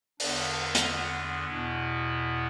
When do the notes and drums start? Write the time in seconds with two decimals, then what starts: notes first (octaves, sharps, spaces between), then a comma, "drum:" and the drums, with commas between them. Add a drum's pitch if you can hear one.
0.20 E2 D3 B3 D4, drum: open hi-hat
0.75 drum: hi-hat
1.47 E2 B2 B3 E4